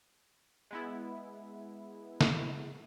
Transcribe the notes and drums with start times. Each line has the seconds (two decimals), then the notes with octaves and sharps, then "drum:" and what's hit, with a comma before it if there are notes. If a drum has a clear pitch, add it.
0.71 G#3 B3 E4
2.21 drum: snare